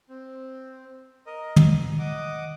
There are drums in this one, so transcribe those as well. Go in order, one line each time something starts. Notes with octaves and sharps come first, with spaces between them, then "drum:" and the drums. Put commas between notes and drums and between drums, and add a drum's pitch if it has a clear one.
C4
A#4 D#5
drum: tom
D#6
D#5 F#5 D6 D#6